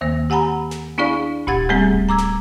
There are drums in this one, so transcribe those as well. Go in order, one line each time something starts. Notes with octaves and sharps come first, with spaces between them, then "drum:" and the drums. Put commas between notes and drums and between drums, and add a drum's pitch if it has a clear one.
D#2 D#3 A#3
G4 F#5 G#5 A#5 B5
drum: snare
B3 D4 E4 G#4 D5 F5
A#2 G4 F#5 G#6 A6, drum: kick D1
G3 A3 B3 C4 G#4
drum: kick D1
A#5 D6 E6 G#6
drum: snare